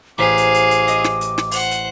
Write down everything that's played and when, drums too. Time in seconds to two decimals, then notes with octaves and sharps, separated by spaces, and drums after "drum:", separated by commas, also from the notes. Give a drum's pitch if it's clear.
0.18 A1 G#4 C5 F5 D6 B6
0.38 drum: hi-hat
0.54 drum: hi-hat
0.71 drum: hi-hat
0.88 D#5, drum: hi-hat
1.04 drum: snare
1.21 drum: hi-hat
1.38 drum: snare
1.51 C5 F#5, drum: open hi-hat
1.71 drum: hi-hat